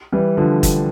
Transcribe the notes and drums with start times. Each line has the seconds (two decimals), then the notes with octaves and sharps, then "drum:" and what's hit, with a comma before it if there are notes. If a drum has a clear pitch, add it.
0.12 E3 G3
0.37 D3 F3
0.63 drum: kick, hi-hat